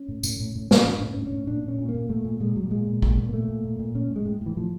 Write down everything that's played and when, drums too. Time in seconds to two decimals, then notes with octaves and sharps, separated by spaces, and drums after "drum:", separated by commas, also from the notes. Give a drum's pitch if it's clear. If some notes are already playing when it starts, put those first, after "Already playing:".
Already playing: C#4
0.08 A2
0.23 A2, drum: tambourine
0.40 A2
0.55 A2
0.71 A2, drum: snare
0.85 A2 C#4
0.97 A2 D4
1.06 C#4
1.17 A2
1.22 D4
1.27 A2 C#4
1.47 A#2 D4
1.63 A#2
1.68 C#4
1.78 A#2
1.89 A#3
1.94 A#2
2.09 A#2 A3
2.25 A#2
2.40 A#2 G#3
2.56 A#2 F#3
2.63 G3
2.71 A#2 G#3
2.87 A#2
3.02 A#2, drum: kick A1
3.18 A#2
3.29 A#3
3.33 A#2 A3
3.48 A#2
3.64 A#2
3.79 A#2
3.95 A2 C#4
4.10 A2
4.16 G#3
4.25 A2
4.41 A2
4.46 E3
4.57 A2 F3